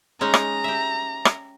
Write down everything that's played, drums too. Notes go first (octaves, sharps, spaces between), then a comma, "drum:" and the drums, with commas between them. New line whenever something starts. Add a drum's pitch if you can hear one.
G#3 C#4 D#4 A#5
drum: rim click
G4 E5
drum: rim click